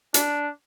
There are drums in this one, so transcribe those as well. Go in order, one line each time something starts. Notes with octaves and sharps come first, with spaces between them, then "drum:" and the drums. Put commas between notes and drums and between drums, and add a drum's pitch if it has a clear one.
D4, drum: hi-hat